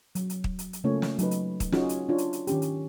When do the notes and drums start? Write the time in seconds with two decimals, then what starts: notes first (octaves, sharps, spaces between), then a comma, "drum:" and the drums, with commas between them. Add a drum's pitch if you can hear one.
0.15 F#3, drum: hi-hat
0.30 drum: hi-hat
0.44 drum: kick
0.59 drum: hi-hat
0.73 drum: hi-hat
0.84 C#3 A3 A#3 C#4 F4 C#5
1.02 drum: snare
1.19 F#3 D#4 B4, drum: hi-hat
1.31 drum: hi-hat
1.60 drum: kick, hi-hat
1.72 C#4 D#4 F4 F#4 G#4, drum: snare
1.89 drum: hi-hat
2.09 D4 F4 C#5
2.18 drum: hi-hat
2.33 drum: hi-hat
2.47 D#3 C#4 G4, drum: hi-hat
2.62 drum: hi-hat